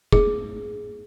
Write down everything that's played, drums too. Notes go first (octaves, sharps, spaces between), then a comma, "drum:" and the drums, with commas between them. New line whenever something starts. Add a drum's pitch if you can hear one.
G#4, drum: kick